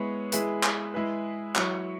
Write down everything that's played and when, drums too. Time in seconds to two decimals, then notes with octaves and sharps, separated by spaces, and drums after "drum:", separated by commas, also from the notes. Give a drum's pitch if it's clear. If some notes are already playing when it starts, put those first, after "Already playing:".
Already playing: G#3 B3 E4 C#5
0.32 G#3 E4 G#4 B4, drum: hi-hat
0.63 drum: clap
0.94 G#3 E4 G#4 B4
1.55 F#3 E4 C#5, drum: clap